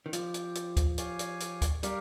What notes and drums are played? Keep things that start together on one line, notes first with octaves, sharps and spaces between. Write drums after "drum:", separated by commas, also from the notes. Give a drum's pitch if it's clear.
D#3
F3 C4 G4 C5, drum: hi-hat
drum: hi-hat
drum: hi-hat
drum: kick, hi-hat
G4 C#5 F5 G#5, drum: hi-hat
drum: hi-hat
drum: hi-hat
drum: kick, hi-hat
G3 G4 A#4 F5, drum: hi-hat